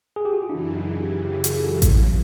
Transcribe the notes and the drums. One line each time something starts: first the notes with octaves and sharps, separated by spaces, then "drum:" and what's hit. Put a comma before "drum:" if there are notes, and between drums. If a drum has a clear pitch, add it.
G#4
G4
F#4
F4
F#2 C#3 E3 D4 E4
D#4 F4
F4 G4
F4 G4
F#4 G#4, drum: hi-hat
G4 A4
drum: kick A1, hi-hat